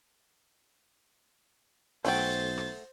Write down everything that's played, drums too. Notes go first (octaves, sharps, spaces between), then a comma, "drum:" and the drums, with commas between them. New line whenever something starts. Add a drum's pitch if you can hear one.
B1 A3 F#4 C5 G5 A6, drum: open hi-hat
drum: rim click